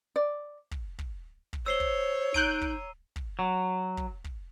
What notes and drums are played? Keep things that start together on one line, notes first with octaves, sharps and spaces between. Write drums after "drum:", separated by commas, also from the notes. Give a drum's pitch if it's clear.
D5
drum: kick
drum: kick
drum: kick
C5 C#5 E6 C7 G7
drum: kick
D#4 A#5 F#6 G6 D7 D#7, drum: kick
drum: kick
drum: kick
F#3
drum: kick
drum: kick